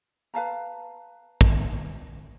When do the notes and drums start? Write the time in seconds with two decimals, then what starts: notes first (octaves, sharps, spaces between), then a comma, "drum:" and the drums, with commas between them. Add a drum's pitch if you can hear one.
0.34 B4 F5 A5 A#5
1.41 drum: kick